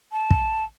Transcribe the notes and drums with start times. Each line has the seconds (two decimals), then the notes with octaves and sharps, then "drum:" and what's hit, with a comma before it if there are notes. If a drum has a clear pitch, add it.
0.12 A5
0.31 drum: kick